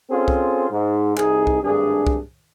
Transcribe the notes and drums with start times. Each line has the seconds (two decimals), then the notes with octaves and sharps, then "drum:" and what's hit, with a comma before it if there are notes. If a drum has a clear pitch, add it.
0.10 C4 C#4 F4 G#4 A4 C5
0.28 drum: kick C2
0.71 G#2
1.17 C2 D#4 G#4, drum: clap
1.47 drum: kick C2
1.62 G#1 G2 A3 D4 G#4
2.07 drum: kick C2